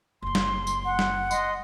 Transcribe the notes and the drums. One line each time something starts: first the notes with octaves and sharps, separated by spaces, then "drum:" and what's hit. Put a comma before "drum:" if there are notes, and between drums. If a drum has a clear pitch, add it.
F#1 F#2 C6
drum: snare
drum: tambourine
F#5
drum: snare
D#5 C6, drum: tambourine